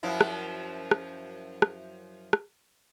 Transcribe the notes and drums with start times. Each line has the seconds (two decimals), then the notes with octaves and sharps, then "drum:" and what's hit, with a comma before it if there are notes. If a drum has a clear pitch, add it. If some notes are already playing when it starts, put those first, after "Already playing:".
0.03 F#2 F3 E4
0.21 drum: rim click
0.91 drum: rim click
1.62 drum: rim click
2.33 drum: rim click